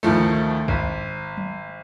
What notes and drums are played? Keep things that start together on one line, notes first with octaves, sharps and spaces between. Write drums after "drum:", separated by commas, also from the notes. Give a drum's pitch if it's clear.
D2 D#3 F3 A3
G#1, drum: kick
drum: tom F#3